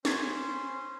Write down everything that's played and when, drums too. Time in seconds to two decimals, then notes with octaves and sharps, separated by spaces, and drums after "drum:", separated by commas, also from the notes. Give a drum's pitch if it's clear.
0.05 C#4 C5 C6 C#6 G#6 B6, drum: snare